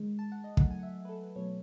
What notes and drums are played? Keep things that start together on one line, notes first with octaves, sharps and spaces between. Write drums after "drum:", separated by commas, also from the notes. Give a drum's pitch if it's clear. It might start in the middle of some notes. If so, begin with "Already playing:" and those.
Already playing: D#3 G#3
A5
F#5
D#5
D#3 F#3 A3 F#5, drum: kick
G#5
F#5
E5
B4
A4
B4
B2 F#3 A3 C#5